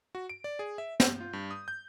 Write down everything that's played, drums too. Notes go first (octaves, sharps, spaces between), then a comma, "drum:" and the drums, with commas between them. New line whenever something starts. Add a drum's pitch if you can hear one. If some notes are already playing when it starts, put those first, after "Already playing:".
F#4
D7
D5
G#4
E5
G6, drum: snare
F4
G2
D#6
G6